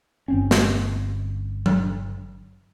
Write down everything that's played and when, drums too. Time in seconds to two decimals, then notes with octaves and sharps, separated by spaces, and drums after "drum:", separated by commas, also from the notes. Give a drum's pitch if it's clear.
0.28 G1 C4 C#4
0.51 drum: snare
1.66 drum: tom F#3